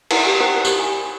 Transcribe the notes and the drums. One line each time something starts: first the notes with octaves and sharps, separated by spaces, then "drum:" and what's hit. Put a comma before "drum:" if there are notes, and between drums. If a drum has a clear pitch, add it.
D#4 E4 F#5, drum: cymbal
G4
D#4 E4 A#4 C5 F#5 G5
G4, drum: tambourine
G#5